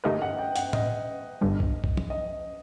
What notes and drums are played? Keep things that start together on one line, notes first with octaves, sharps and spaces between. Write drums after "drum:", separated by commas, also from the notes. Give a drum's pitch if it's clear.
D3 A3 D#4 G4 A#4 D#5
F#5
G5
F#5, drum: hi-hat
D#5, drum: tom
G1 G2 D3 G3
drum: kick B1
drum: kick B1
drum: tom
D#5